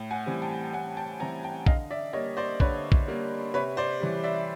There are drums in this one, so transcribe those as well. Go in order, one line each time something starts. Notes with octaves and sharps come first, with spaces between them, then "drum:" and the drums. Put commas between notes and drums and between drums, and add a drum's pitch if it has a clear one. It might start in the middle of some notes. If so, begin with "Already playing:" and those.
Already playing: A2
F#5 G#5
E3 G3 C4
G5 A5
A2 F#5 G#5
G5 A5
E3 G3 C4 G#5 A#5
G5 A5
D3 D#5 F5, drum: kick
D5 E5
G3 A#3 C#5 D#5
C5 D5
D3 B4 C#5, drum: kick
drum: kick
G3 A#3
C3 B4 C#5
C5 D5
E3 G3
D5 E5